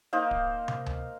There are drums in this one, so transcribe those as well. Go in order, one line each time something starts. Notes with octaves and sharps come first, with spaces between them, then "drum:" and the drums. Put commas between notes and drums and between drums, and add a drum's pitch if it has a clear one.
A#3 D#4 A#4 C5
drum: kick D1
drum: tom
drum: tom C#2